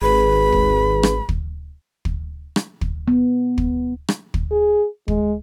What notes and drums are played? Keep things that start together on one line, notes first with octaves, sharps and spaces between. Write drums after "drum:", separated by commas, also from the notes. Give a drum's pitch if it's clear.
G#1 G#4 B4 B5
drum: kick
drum: rim click
drum: kick
drum: kick
drum: rim click
drum: kick
B3
drum: kick
drum: rim click
drum: kick
G#4
G#3, drum: kick